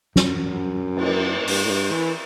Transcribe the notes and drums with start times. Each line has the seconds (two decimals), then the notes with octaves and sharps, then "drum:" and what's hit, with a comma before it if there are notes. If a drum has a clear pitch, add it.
0.16 F#2, drum: snare
0.96 drum: cymbal
1.47 G2, drum: open hi-hat
1.65 A2
1.69 G2
1.91 E3